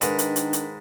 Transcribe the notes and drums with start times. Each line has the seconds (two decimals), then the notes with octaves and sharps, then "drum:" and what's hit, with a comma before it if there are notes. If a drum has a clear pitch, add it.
0.01 G#2 D#3 D4 B4, drum: hi-hat
0.19 drum: hi-hat
0.36 drum: hi-hat
0.53 drum: hi-hat